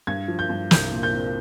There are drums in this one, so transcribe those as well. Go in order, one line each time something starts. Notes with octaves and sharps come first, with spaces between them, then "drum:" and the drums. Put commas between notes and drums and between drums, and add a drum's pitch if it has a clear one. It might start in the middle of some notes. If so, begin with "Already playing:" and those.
G2 G#6
F3
G6
G2
C2 G6, drum: snare
A#2
G6
C4